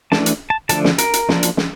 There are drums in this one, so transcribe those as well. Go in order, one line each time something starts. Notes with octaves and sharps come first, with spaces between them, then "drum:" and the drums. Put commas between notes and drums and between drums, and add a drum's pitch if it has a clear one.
E3 A3 D4 A5, drum: snare
drum: hi-hat
A5
D3 F3 A3 D4 A5, drum: hi-hat
drum: snare
A#4, drum: hi-hat
drum: hi-hat
F3 A#3 D4, drum: snare
drum: hi-hat
drum: snare